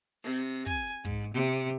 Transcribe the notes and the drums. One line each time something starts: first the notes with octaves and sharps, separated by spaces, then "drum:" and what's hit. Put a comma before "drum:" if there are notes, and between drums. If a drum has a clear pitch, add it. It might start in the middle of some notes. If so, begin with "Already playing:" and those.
C3
G#5, drum: kick, hi-hat
G#2, drum: kick, hi-hat
C3